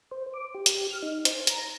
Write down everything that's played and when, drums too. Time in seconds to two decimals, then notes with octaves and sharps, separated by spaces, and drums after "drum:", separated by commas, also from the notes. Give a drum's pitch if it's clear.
0.11 C5
0.34 D6
0.55 G4
0.66 drum: hi-hat
0.90 F6
1.03 D#4
1.25 C5, drum: hi-hat
1.47 A#5, drum: hi-hat